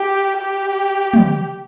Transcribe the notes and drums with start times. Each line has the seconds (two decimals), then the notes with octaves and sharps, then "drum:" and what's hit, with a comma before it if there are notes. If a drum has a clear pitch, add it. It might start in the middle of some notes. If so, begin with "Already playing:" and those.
Already playing: G4
0.38 G4
1.14 drum: tom